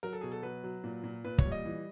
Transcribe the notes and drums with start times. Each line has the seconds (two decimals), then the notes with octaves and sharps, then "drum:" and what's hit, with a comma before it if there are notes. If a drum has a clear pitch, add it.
0.03 F#3 A#4
0.13 A4
0.21 B2 G#4
0.32 A4
0.43 F#3 B4
0.64 F#3
0.84 A#2
1.04 A#2
1.25 A#2 B4
1.38 C#5, drum: kick
1.45 G3
1.52 D#5
1.65 E3